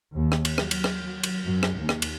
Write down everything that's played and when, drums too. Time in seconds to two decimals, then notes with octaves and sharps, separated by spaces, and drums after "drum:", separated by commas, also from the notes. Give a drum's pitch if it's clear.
0.14 D#2
0.32 drum: rim click
0.45 drum: cymbal
0.58 F#3, drum: rim click
0.71 drum: cymbal
0.84 drum: rim click
1.05 F#3
1.23 drum: cymbal
1.43 F#2
1.63 drum: rim click
1.80 D#2
1.89 drum: rim click
2.02 drum: cymbal